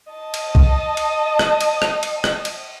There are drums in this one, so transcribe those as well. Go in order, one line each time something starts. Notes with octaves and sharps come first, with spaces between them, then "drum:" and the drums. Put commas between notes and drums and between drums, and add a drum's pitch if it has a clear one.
D#5 A5
drum: cymbal
drum: kick B1
drum: cymbal
drum: rim click
drum: cymbal
drum: rim click
drum: cymbal
drum: rim click
drum: cymbal